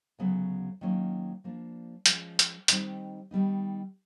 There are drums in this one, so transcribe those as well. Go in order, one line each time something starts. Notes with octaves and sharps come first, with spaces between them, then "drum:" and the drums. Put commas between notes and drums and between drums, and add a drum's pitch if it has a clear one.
D2 C#3 F#3 B3
D#3 F#3 A#3 C#4
F3 A#3 D4
F3 G#3 C#4, drum: hi-hat
drum: hi-hat
D#3 G3 C4 D#4 G4, drum: hi-hat
D#3 G3 B3 D#4